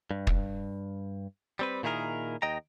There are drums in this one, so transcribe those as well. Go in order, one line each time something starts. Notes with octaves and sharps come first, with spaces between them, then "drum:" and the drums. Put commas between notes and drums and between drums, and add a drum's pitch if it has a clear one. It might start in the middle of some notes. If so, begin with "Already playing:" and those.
G2
drum: kick
G3 C4 B4
A#2 D#3 E4 G#4 A#4
D#2 D#5 G5 A#5